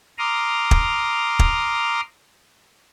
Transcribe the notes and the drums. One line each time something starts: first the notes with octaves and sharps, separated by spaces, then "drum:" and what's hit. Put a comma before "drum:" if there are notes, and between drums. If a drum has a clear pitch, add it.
A#5 C6 D6 D#6 F6
drum: kick
drum: kick